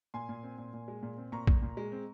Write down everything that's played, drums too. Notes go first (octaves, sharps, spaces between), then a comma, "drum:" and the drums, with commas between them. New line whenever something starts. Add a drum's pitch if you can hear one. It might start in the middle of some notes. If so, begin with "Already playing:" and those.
A#2 G#5 C6
A#2
C4
A#2
A#2
G#3
A#2
C4
A#2 A#5 C#6
A#2, drum: kick A#1
A#2
G#3
C4